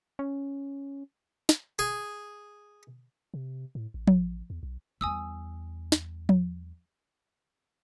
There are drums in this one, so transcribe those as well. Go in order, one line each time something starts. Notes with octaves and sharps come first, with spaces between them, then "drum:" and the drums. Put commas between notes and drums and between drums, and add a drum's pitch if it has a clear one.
C#4
drum: snare
G#4
C3
A2
A1
drum: tom F3
E2
B1
E2 G3 G#5 D#6 E6
drum: snare
drum: tom F3